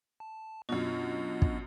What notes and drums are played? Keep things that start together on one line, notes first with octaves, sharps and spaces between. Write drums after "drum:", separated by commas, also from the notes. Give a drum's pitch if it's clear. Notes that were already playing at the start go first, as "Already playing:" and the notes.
A5
F#2 B2 B3 D4 F4 D#5
drum: kick